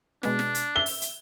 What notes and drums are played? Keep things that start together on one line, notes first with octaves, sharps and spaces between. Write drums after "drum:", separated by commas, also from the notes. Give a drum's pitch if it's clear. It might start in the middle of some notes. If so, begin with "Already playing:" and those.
B2 G#3 B3 D4, drum: snare
drum: snare
drum: hi-hat
E5 G7
drum: open hi-hat
drum: hi-hat